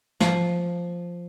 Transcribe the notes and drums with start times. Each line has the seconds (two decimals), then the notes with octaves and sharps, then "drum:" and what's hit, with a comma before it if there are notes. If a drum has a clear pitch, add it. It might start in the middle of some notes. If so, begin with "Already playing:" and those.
0.20 F3, drum: snare